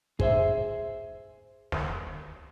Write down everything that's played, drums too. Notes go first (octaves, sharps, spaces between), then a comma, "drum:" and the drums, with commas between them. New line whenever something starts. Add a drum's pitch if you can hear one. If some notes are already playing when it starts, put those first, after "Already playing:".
G#4 C5 E5, drum: kick
drum: snare